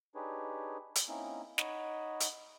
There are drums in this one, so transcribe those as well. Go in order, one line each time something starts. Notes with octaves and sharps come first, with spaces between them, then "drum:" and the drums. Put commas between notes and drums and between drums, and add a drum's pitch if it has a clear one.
D4 D#4 G4 G#4 B4 C#5
drum: hi-hat
A#3 C4 C#4 D#4 E4
D#4 C#5 D#5 F#5 B5, drum: snare
drum: hi-hat